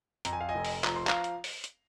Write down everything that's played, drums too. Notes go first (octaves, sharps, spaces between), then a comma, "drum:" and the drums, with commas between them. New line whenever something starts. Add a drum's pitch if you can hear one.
F2 A#5, drum: hi-hat
G#5
F5
D#5 G#5
F1
drum: open hi-hat
F3 A#5, drum: clap
C6
F5 A#5, drum: clap
drum: hi-hat
drum: open hi-hat
drum: hi-hat